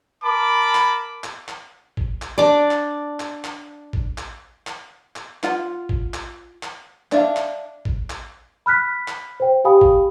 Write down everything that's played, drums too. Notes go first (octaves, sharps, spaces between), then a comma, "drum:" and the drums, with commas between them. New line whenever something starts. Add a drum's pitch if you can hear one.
A#4 A5 B5 D6
drum: clap
drum: clap
drum: clap
drum: kick
drum: clap
D4 D5
drum: clap
drum: clap
drum: clap
drum: kick
drum: clap
drum: clap
drum: clap
F4 F#5, drum: clap
drum: kick
drum: clap
drum: clap
D4 E5 F5, drum: clap
drum: clap
drum: kick
drum: clap
B5 F6 F#6 B6
drum: clap
C5 G5
G4 F5 G5 G#5 B5 D#6
drum: kick